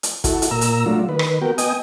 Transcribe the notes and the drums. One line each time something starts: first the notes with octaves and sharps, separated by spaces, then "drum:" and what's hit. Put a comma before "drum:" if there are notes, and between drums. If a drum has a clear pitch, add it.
drum: hi-hat
E4 F#4 A4, drum: kick, hi-hat
drum: hi-hat
A#2 A#5 E6
drum: hi-hat
F#3 A3 D4 F4
D#3 B4
drum: rim click
B3 F#4 A#4 G5
B3 D#5 G5 G#5 D#6, drum: hi-hat